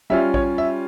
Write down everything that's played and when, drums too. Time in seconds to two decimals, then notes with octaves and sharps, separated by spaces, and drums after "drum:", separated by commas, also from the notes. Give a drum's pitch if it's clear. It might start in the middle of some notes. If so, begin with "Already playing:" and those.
0.10 G3 C#4 F4 E5
0.34 C#5, drum: kick
0.58 E5